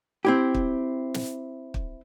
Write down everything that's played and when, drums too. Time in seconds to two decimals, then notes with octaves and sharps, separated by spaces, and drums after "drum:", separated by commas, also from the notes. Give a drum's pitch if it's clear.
0.25 C4 E4 G4
0.55 drum: kick
1.14 drum: snare
1.74 drum: kick